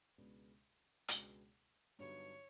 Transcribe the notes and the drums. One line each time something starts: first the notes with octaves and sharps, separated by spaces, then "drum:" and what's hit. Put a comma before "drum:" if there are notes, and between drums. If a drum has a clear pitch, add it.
C#2 B2 G#3 B3 D4
C#2 B2 G#3 B3 D4, drum: hi-hat
G2 D3 F#3 B3 D#4 C#5